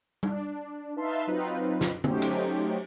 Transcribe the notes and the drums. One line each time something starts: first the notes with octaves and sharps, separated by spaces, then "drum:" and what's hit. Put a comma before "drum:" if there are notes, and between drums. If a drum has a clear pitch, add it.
D4, drum: tom G3
D#4 B4 E5 F5 A5 C6
F#3 C4 D#4 F4 B4
drum: snare
F#3 A3 C#4 D#4 G4 C5, drum: tom
drum: cymbal